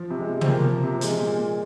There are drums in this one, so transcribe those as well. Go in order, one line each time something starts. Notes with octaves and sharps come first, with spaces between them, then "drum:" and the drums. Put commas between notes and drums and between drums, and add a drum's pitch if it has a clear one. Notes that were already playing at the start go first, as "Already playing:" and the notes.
Already playing: F3
C3
G#3
C3
C4, drum: tom
F3 A#3
F3
C3
F3 G#3, drum: hi-hat
A#2
A#2